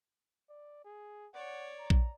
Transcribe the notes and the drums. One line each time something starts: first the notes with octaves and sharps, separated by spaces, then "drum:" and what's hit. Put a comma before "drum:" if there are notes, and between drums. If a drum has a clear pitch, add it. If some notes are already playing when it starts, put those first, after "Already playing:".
D5
G#4
C#5 D5 F#5
A#5
drum: kick A#1